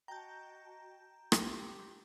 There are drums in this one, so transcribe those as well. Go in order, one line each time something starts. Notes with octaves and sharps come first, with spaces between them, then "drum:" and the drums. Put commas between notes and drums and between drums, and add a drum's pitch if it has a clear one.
F#4 D#5 G5 A5 A#5 G6
G4 C6, drum: rim click